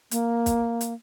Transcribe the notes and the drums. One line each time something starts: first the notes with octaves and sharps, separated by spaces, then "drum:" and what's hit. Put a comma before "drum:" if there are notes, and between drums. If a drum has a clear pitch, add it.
A#3, drum: hi-hat
drum: kick, hi-hat
drum: hi-hat